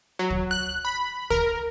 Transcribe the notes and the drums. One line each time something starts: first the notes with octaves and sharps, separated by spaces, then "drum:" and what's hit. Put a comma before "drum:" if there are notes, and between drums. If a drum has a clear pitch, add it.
F#3
drum: kick
F#6
B5
A#4, drum: kick